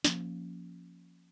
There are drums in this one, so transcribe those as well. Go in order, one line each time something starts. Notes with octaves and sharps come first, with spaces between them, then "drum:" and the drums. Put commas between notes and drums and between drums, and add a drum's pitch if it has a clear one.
F3 A#3 C#4, drum: snare